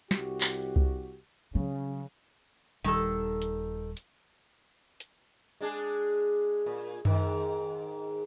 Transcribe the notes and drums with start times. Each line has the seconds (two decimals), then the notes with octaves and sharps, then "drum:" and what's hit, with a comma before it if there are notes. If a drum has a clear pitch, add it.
0.11 C2 F#4 G4, drum: snare
0.41 drum: clap
0.76 drum: kick C2
1.55 C#3 F#3
2.84 D#1 D#3 G3 A4
3.42 drum: hi-hat
3.97 drum: hi-hat
5.00 drum: hi-hat
5.61 G#3 D4 G#4
6.66 A#2
7.05 G#2 D#3, drum: tom F#2